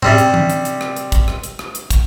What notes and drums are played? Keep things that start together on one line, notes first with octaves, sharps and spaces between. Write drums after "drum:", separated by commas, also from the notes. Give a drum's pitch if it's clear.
C3 G3 C4, drum: tom G#2
drum: hi-hat
drum: tom E3
drum: hi-hat
drum: hi-hat
drum: rim click
drum: hi-hat
drum: kick, hi-hat
drum: rim click
drum: hi-hat
drum: rim click
drum: hi-hat
drum: kick, hi-hat